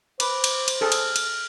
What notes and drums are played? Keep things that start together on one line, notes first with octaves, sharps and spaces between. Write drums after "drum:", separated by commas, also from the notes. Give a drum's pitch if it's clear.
B4 C5 D6, drum: cymbal
drum: cymbal
drum: cymbal
G#4 A4 F6
drum: cymbal
drum: cymbal